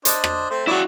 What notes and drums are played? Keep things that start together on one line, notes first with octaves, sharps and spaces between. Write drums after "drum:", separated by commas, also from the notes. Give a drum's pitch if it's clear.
D4 C5 D#5, drum: hi-hat
drum: rim click
A3 C4 C5
F#3 E4 F#4 D5